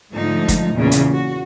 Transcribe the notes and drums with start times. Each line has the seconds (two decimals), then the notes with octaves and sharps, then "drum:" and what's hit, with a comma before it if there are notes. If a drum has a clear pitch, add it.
0.12 G#2 D3 F3 A3 D#4
0.48 drum: kick, hi-hat
0.73 E2 A#2 C#3
0.91 drum: hi-hat
1.13 F#4